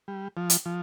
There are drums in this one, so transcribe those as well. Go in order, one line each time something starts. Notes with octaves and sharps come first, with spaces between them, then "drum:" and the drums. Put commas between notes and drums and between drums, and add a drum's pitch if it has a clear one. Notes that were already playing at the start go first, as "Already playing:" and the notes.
G3
F3
drum: hi-hat
F3